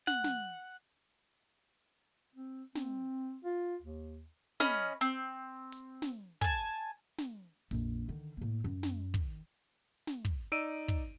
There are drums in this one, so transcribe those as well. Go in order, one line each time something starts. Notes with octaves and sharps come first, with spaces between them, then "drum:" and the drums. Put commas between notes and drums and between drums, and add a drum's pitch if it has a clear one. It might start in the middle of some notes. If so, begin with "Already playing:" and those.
F#5, drum: snare
drum: snare
C4
C4, drum: snare
F4
D#2
C#4 D#5 B5 F6, drum: snare
C4
drum: hi-hat
drum: snare
G#5 A5, drum: kick
drum: snare
A#1 F2, drum: open hi-hat
D3 D#3
A2 A#3
F#2
drum: snare
D#3, drum: kick
drum: snare
drum: kick
D#4 D5 E6 D7 D#7
drum: kick